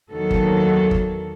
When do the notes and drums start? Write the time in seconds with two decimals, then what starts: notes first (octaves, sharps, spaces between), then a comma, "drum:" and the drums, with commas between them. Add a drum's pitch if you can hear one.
0.10 E2 D#3 F#3 A#3 F#4 A4
0.31 drum: kick G1
0.91 drum: kick G1